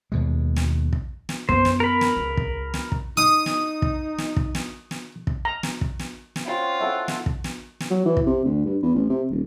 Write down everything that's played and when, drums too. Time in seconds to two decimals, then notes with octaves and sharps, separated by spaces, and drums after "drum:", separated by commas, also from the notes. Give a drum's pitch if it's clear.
0.12 D#2 B2 G#3
0.56 drum: snare
0.93 drum: kick
1.29 drum: snare
1.49 F#2 B3 C5, drum: kick
1.65 drum: snare
1.80 A#4 B5
2.01 drum: snare
2.17 C#2
2.37 drum: kick
2.74 drum: snare
2.92 drum: kick
3.17 D#4 D#6
3.46 drum: snare
3.82 drum: kick
4.18 drum: snare
4.36 drum: kick
4.55 drum: snare
4.91 drum: snare
5.27 drum: kick
5.45 A#5
5.63 drum: snare
5.81 drum: kick
5.99 drum: snare
6.36 drum: snare
6.46 C4 C#4 F4 F#4
6.80 E4 A4 F#5
7.08 drum: snare
7.26 drum: kick
7.44 drum: snare
7.80 drum: snare
7.91 F#3
8.05 E3
8.17 drum: kick
8.26 C3
8.45 D2
8.65 G2
8.82 E2
8.95 A1
9.09 C3
9.30 D#1